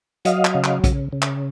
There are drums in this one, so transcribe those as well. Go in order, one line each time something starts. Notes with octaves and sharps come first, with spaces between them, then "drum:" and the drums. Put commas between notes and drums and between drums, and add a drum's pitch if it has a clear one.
F#3 D#5 F5, drum: hi-hat
drum: clap
C#3
drum: clap
C#3, drum: kick, hi-hat
C#3
drum: clap